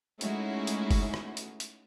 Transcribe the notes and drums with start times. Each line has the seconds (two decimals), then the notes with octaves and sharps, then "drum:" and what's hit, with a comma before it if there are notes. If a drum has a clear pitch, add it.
0.21 G#3 A3 C#4 D#4 E4 F#4, drum: hi-hat
0.67 drum: hi-hat
0.91 drum: kick G1, open hi-hat
1.14 drum: rim click
1.37 drum: hi-hat
1.60 drum: hi-hat